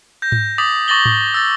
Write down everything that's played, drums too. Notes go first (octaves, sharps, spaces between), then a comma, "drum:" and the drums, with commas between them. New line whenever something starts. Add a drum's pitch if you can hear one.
G6 A#6
drum: tom G#2
D6 D#6 A6 B6 F#7
C#6 D6 A6 A#6 F#7 G7
drum: tom G#2
E6 A6